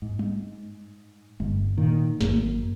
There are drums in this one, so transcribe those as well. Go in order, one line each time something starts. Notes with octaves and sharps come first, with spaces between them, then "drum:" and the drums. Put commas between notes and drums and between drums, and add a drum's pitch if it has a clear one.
G#2
drum: tom G3
G1, drum: tom G3
A#2 D#3
G#1 F#2 A#3, drum: snare